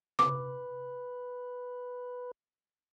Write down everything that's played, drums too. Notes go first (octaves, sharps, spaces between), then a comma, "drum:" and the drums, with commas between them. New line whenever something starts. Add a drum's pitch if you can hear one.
B4 D6, drum: tom